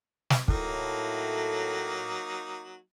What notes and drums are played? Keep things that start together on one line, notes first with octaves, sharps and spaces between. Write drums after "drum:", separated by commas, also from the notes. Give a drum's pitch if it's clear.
drum: snare
A2 F#3 A#3 D#4, drum: kick